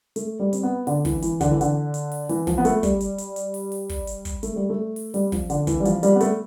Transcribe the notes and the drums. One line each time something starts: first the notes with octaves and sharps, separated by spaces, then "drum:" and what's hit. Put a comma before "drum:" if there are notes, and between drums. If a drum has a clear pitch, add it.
A3, drum: hi-hat
G3
C4, drum: hi-hat
B3
D3, drum: open hi-hat
E3, drum: kick, open hi-hat
E3, drum: hi-hat
D3, drum: kick, hi-hat
E3
D3, drum: hi-hat
drum: hi-hat
drum: open hi-hat
E3, drum: open hi-hat
F3, drum: kick, open hi-hat
B3
A3, drum: hi-hat
G3, drum: kick, hi-hat
drum: hi-hat
drum: hi-hat
drum: hi-hat
drum: open hi-hat
drum: open hi-hat
drum: kick, open hi-hat
drum: hi-hat
drum: kick, hi-hat
A3, drum: hi-hat
G3
A3
drum: open hi-hat
G3, drum: open hi-hat
F3, drum: kick, open hi-hat
D3, drum: hi-hat
E3, drum: kick, hi-hat
G3
F3, drum: hi-hat
G3, drum: hi-hat
B3
A3, drum: hi-hat